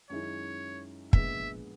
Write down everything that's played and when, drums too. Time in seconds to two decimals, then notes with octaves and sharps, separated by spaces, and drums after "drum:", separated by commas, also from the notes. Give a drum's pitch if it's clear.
0.10 F#2 D#3 G#3 C#4 E4 C#5
1.13 A#1 A#2 G#3 B3 E5, drum: kick